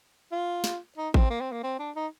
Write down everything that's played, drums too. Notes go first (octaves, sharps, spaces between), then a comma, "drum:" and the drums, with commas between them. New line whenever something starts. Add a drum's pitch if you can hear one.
F4
drum: snare
D#4
C4, drum: kick A1
A#3
C4
A#3
C4
D4
D#4